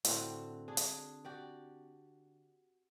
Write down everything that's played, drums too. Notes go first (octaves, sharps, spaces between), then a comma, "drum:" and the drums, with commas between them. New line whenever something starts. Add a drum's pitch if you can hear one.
A2 D3 C4 F#4, drum: hi-hat
D4 G#4
drum: hi-hat
F#4 G4 D5